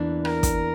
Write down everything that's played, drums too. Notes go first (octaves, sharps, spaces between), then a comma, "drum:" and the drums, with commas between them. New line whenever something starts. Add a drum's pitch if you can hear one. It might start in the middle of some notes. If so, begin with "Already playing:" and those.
Already playing: E2 E3 A#3 D4
A#4, drum: rim click
drum: kick, hi-hat